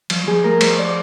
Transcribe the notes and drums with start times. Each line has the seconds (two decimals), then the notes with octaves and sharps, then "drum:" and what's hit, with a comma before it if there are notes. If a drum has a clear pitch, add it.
0.10 F3, drum: cymbal
0.27 F3 G#4
0.44 A3 A#4
0.61 A3 C5, drum: cymbal
0.79 D5